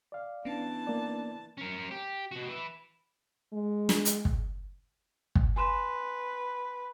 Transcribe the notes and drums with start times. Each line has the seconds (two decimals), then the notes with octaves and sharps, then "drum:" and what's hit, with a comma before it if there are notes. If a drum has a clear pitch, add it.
0.12 D5 F5
0.45 E3 B3 C#4 D4 A5
0.87 A#3 D5
1.58 C#4 A#4
1.91 G4
2.31 B2 F#4
2.48 E4 B4
3.53 G#3
3.89 drum: snare
4.05 drum: hi-hat
4.25 drum: kick
5.35 drum: kick
5.56 B4 G#5 C6 E7